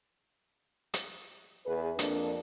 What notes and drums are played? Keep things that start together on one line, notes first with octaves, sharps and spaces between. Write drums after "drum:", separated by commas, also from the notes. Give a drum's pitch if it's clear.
drum: hi-hat
E2 G#4 B4
F2 A#3 D4, drum: hi-hat